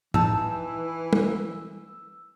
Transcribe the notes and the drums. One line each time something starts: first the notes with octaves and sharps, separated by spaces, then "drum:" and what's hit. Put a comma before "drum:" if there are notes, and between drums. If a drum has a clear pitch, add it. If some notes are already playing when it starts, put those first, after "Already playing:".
E3 D#4 A5 E6, drum: tom
drum: tom